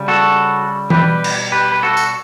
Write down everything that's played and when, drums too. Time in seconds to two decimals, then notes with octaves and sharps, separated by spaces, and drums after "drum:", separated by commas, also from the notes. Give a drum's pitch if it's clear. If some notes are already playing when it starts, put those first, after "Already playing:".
Already playing: C#3 G3
0.08 F#4 A4
0.90 B2 G3 G4 B4, drum: tom E3
1.24 drum: cymbal
1.52 G4 B4
1.72 B4
1.83 F#4 A4
1.97 drum: tambourine